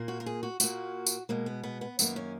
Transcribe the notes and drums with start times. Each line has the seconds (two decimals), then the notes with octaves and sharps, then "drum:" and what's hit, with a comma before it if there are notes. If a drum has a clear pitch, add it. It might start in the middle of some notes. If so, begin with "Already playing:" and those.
Already playing: A#2 A#3
0.08 F#4
0.20 A#4
0.26 G#4
0.43 F#4
0.60 A#2 A#3 F#4, drum: tambourine
1.06 drum: tambourine
1.29 B2 G#3 A#3
1.46 B3
1.64 B3
1.81 B3
1.99 F#2 D#3 A#3 B3, drum: tambourine
2.16 C#4